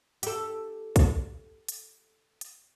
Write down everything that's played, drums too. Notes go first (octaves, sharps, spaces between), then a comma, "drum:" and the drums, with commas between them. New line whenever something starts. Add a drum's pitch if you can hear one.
G4 A4, drum: hi-hat
drum: kick, hi-hat
drum: hi-hat
drum: hi-hat